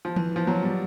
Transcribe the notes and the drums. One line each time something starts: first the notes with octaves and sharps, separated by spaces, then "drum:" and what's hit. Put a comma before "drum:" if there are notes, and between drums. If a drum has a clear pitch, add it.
F3
E3, drum: tom E3
F3
F#3
G3